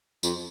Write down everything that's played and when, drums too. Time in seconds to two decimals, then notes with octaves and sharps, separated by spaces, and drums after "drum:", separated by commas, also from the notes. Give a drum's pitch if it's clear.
0.23 F2, drum: tambourine